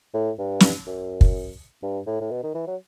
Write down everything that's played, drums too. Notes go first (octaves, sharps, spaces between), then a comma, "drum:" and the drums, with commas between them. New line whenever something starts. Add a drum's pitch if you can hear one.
A2
G2
drum: snare
F#2
drum: kick
G2
A2
A2
B2
D#3
E3
F#3